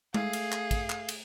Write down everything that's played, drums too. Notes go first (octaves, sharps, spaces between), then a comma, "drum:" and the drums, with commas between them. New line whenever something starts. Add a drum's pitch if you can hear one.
A3 G#4 F5, drum: tom G#3
drum: cymbal
drum: clap
drum: kick, cymbal
drum: clap
drum: cymbal